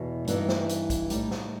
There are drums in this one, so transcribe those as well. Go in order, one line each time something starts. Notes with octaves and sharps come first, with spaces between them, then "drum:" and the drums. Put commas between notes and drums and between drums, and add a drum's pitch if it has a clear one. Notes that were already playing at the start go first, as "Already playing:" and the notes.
Already playing: E2 B2
G2 E3 B3 D#4, drum: hi-hat
drum: snare
drum: hi-hat
drum: kick B1, hi-hat
A2 G3 D#4 G4, drum: hi-hat
drum: snare